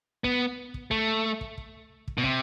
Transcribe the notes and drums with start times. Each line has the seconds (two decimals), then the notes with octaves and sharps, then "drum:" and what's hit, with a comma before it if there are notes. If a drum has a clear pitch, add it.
0.24 B3, drum: kick
0.74 drum: kick
0.91 A3, drum: kick
1.41 drum: kick
1.58 drum: kick
2.08 drum: kick
2.18 B2
2.24 C3, drum: kick